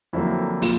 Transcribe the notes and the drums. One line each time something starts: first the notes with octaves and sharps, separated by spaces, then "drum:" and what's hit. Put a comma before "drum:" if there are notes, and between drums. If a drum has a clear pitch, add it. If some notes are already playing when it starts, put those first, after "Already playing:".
F2 D3 F#3 A#3 E4
A#2 F3 F4, drum: open hi-hat